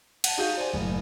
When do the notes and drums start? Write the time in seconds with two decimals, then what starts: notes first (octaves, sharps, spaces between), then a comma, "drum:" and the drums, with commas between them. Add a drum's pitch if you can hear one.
0.24 F#5 A5, drum: cymbal
0.38 D#4 F#4 G#4 F5 G6 D#7
0.57 C5 D5 G#5
0.73 F#1 A2